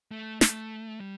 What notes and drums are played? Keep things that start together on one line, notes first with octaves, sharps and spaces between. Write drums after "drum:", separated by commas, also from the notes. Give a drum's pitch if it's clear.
A3
A3, drum: snare
G3